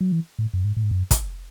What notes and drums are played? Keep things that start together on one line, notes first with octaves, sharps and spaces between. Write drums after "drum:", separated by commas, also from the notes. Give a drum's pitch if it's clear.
F#3
E3
A2
F#2
G#2
A2
G#2
F#2
drum: kick, hi-hat